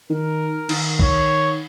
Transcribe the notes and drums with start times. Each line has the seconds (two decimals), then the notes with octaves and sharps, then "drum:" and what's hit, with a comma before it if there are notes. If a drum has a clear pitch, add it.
0.09 D#3 A#4
0.69 D#3, drum: cymbal
0.99 C#5, drum: kick